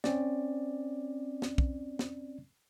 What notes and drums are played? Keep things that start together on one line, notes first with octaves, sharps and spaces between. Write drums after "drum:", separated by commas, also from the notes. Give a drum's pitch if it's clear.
C4 C#4 D5, drum: snare
drum: snare
drum: kick
drum: snare